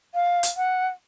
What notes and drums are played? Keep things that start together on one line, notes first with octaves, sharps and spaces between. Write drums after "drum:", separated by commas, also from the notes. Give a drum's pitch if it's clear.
F5
drum: hi-hat
F#5